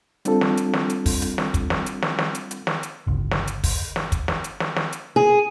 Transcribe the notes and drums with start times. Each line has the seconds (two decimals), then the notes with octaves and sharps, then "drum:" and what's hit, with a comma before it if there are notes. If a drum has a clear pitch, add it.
0.25 G3 C4 D4 F4 A4, drum: hi-hat
0.41 drum: snare
0.57 drum: hi-hat
0.73 drum: snare
0.90 drum: hi-hat
1.06 drum: kick, open hi-hat
1.22 drum: hi-hat
1.38 drum: snare
1.54 drum: kick, hi-hat
1.70 drum: snare
1.86 drum: hi-hat
2.02 drum: snare
2.19 drum: snare
2.35 drum: hi-hat
2.51 drum: hi-hat
2.67 drum: snare
2.83 drum: hi-hat
3.07 G1 C#2
3.31 drum: snare
3.47 drum: hi-hat
3.64 drum: kick, open hi-hat
3.96 drum: snare
4.12 drum: kick, hi-hat
4.28 drum: snare
4.44 drum: hi-hat
4.60 drum: snare
4.76 drum: snare
4.93 drum: hi-hat
5.16 G#4